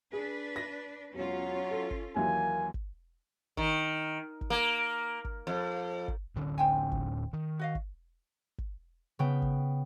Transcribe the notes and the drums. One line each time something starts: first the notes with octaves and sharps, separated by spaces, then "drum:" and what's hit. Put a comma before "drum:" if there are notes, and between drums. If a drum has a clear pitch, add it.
D4 G#4 B4
A#6
E1 F#3 C#4 F4
A4
drum: kick
D#2 E3 F#3 A#3 G#5
drum: kick
D#3, drum: kick
drum: kick
A#3
drum: kick
F2
drum: kick
D1 D3 C#4
C5 G5 G#5
drum: kick
D#3
F#4 D#5 F5
drum: kick
drum: kick
C#3 B3 G5
drum: kick